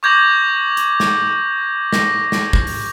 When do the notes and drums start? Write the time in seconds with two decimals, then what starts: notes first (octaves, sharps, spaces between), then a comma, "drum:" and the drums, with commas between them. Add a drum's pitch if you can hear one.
0.03 C#6 D6 G6 G#6 A#6 F#7
0.77 drum: hi-hat
1.00 drum: snare
1.93 A#6, drum: snare
2.32 drum: snare
2.53 drum: kick
2.67 drum: open hi-hat